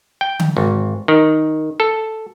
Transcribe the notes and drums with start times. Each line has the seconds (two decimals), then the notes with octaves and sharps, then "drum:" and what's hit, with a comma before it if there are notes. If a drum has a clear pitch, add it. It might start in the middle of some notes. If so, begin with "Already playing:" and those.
0.21 G5
0.40 drum: tom D3
0.57 G#1
1.08 D#3
1.80 A4